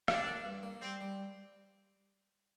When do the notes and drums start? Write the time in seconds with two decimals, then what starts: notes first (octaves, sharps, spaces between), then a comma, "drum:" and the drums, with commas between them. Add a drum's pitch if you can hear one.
0.08 C3 D4, drum: rim click
0.26 A#3
0.45 G2
0.63 A#3
0.82 G3 C4
1.01 G3